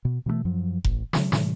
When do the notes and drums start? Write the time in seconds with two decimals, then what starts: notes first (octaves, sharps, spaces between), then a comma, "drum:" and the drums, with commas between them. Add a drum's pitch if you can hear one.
0.05 B2
0.26 B2 E3 F#3 A3
0.45 F#2 F3 F#3
0.84 A1, drum: kick F1
1.13 C#3 F#3, drum: snare
1.32 A2 C3 E3 G3, drum: snare